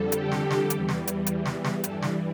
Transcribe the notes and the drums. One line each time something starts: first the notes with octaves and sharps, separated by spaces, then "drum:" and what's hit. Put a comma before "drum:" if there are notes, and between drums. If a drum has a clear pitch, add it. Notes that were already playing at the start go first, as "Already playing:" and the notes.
Already playing: F2 D3 G3 A4
G4, drum: hi-hat
drum: snare
drum: snare
E2 E3 G3, drum: hi-hat
drum: snare
drum: hi-hat
drum: hi-hat
drum: snare
drum: snare
G2 E3 G3 A4, drum: hi-hat
drum: snare